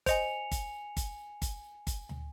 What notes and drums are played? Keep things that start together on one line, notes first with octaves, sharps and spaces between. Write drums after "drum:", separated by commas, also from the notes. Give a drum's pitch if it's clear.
C5 D#5 G#5 C#7 F7, drum: kick G1, hi-hat
drum: kick G1, hi-hat
drum: kick G1, hi-hat
drum: kick G1, hi-hat
drum: kick G1, hi-hat
drum: tom D2